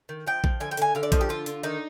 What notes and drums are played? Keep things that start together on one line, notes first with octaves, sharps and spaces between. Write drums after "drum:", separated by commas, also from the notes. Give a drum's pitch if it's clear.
D#3
F3 G5
F3, drum: kick A#1
D3 G#5
G5
D3 G#5, drum: hi-hat
D3 F5
D5
F3 D#5, drum: kick A#1, hi-hat
G4
D3 F4
D3, drum: hi-hat
D#3 D#4